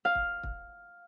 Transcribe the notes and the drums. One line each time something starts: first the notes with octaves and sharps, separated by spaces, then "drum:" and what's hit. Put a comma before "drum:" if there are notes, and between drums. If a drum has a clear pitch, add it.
F5
drum: kick
drum: kick